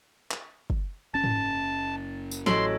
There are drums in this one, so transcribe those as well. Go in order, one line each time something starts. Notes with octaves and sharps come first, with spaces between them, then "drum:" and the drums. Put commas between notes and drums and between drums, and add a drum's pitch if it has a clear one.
drum: clap
drum: kick
F#1 C#4 A5 A6
drum: tom G#2
drum: tambourine
A1 F#3 A4 C#5 D#5 C6 F#7, drum: snare